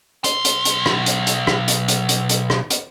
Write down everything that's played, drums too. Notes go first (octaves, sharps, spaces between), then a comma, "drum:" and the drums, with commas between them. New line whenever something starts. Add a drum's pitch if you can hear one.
B1 C6, drum: hi-hat
drum: hi-hat
drum: hi-hat
drum: rim click
drum: hi-hat
drum: hi-hat
drum: rim click
drum: hi-hat
drum: hi-hat
drum: hi-hat
drum: hi-hat
drum: rim click
drum: hi-hat